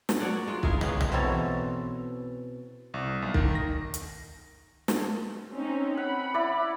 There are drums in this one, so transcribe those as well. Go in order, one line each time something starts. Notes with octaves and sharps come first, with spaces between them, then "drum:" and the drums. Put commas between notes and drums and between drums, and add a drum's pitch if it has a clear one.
drum: snare
F#3 C#5 D5 F#5
G#3 F4
E4 G#4 A#4 F5, drum: kick
G#3 B3 C#4 F5, drum: tom
drum: tom
B2 E3 C4 A4 C#5 A#5
C2
B1
D#3, drum: kick
A#6
drum: hi-hat
drum: snare
C4 C#4 D#4
F#5 B5
E4 D5